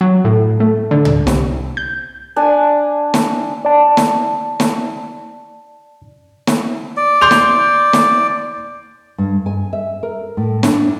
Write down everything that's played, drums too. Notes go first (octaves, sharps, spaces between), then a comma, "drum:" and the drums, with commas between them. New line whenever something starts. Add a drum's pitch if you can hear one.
F#3
A2
A3
D3
drum: tom
C2, drum: snare
G6
D4 G#5 A5
drum: snare
D5 A5
drum: snare
drum: snare
drum: snare
D5
C6 G6 F7
drum: snare
drum: snare
G2
G#5
E5
A#4
A2
D4, drum: snare